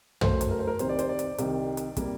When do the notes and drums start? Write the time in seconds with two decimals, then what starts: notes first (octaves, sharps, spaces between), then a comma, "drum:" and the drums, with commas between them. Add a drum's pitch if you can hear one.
0.21 F#2 F#3 A3 C5, drum: tom
0.41 drum: hi-hat
0.51 A#4
0.59 C5
0.67 A#4
0.79 C2 C3 D#3 C5, drum: hi-hat
0.89 D5
0.99 C5, drum: hi-hat
1.09 D5
1.19 drum: hi-hat
1.38 C2 C3 D#3, drum: hi-hat
1.77 drum: hi-hat
1.97 C3 G3 A#3, drum: kick, hi-hat